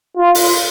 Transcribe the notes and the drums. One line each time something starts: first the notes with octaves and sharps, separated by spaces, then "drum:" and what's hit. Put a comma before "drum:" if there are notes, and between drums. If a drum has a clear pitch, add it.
F4
drum: open hi-hat